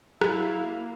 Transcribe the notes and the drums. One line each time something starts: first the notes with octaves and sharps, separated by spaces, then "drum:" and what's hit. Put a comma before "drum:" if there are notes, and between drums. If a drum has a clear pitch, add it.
F#3 E4 F5, drum: rim click
A#3